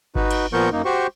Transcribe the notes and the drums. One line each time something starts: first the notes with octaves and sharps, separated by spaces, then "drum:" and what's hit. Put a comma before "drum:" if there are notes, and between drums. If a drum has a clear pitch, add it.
D#4 F#4 B4, drum: kick G1
drum: cymbal
A#2 F3 B3 A#4 C#6 G6
F#2 A#3 D#4
F#4 G4 C5 C#6